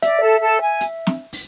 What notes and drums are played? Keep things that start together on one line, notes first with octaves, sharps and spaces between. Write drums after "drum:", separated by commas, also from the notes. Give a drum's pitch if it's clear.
D5 E5, drum: hi-hat
A4
A4
G#5
drum: hi-hat
drum: snare
drum: open hi-hat